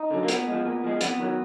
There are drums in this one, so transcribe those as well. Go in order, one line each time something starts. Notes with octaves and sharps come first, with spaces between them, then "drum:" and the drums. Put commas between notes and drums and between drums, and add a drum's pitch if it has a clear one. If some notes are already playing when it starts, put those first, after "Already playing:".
Already playing: D#4
D3 F#3
A#3
A#2 B3, drum: hi-hat
F3 G#3
A#2
F3 G#3
F2 B3, drum: hi-hat
D#3 F#3